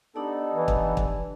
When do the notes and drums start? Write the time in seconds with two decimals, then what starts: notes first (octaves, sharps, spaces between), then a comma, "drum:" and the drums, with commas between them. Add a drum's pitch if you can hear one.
0.16 B3 D4 D#4 G4 A4 D5
0.53 E3
0.68 drum: kick
0.97 drum: kick